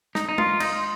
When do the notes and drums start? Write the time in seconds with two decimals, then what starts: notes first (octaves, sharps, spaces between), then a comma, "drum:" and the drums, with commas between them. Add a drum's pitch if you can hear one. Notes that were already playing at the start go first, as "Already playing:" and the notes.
0.15 D#4, drum: snare
0.29 D#4
0.38 F4, drum: tom G#3
0.60 D#4, drum: cymbal